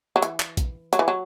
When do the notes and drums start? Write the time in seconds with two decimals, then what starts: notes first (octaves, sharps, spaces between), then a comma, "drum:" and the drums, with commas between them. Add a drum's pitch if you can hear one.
0.16 F#3
0.22 E3, drum: hi-hat
0.40 drum: clap
0.57 drum: kick A#1, hi-hat
0.93 F#3, drum: hi-hat
0.99 E3
1.08 F#3